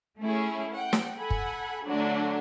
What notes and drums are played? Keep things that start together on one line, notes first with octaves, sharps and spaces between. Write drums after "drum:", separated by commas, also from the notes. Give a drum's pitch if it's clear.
A3 C#4 E4 G#4
F#5 G5
drum: snare
A4 F#5 G#5 B5
drum: kick
D3 F#3 A3 D4